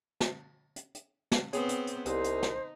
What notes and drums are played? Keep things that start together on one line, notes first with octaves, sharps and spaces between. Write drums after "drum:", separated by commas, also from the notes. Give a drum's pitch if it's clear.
drum: snare
drum: hi-hat
drum: hi-hat
drum: snare
B3 C4 G#4 C5 C#5, drum: hi-hat
drum: hi-hat
drum: hi-hat
C2 D#4 C5, drum: hi-hat
drum: hi-hat
drum: snare